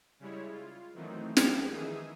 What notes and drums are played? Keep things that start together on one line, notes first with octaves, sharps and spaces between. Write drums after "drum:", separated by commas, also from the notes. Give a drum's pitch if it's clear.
C#3 G3 G#3 E4 C#5
F4
D#3 E3 F#3 A3 C4 D#4
F3 G#3 A#3 B3 D4 G4, drum: snare
D#3 E3 D#4 G#4 E5 D#6